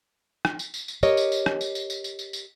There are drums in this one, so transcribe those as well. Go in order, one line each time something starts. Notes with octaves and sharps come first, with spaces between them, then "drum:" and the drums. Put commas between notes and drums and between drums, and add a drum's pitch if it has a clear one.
drum: rim click
drum: tambourine
drum: tambourine
drum: tambourine
G4 A#4 C#5 D#5, drum: tambourine
drum: tambourine
drum: tambourine
drum: rim click
drum: tambourine
drum: tambourine
drum: tambourine
drum: tambourine
drum: tambourine
drum: tambourine